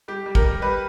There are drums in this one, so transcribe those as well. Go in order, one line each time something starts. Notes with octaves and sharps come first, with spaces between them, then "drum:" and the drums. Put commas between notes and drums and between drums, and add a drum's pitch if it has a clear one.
G3 G4
G3
A#4, drum: kick
G3
G3 B4